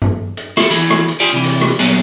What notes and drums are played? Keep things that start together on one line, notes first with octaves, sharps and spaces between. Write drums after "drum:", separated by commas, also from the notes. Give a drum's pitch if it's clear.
drum: tom G2
drum: hi-hat
E4 F4 G#4 A4, drum: rim click
E3 E4 G#4 B5
drum: rim click
drum: hi-hat
F4 G4 G#4 D5
C3 E3
drum: open hi-hat
drum: rim click
A#2 F#3 B3 G#4, drum: open hi-hat